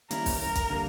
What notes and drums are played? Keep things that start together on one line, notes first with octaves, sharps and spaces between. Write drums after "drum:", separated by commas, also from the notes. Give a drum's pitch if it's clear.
D#3 G3 A#3 C#4 E4 A#4, drum: hi-hat
drum: kick, open hi-hat
A#4
drum: kick, hi-hat
D3 G3 A#3